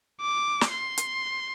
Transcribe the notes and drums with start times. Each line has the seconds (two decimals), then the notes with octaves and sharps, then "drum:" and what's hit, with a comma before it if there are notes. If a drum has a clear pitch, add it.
0.21 D6
0.61 drum: snare
0.72 C6
0.98 drum: hi-hat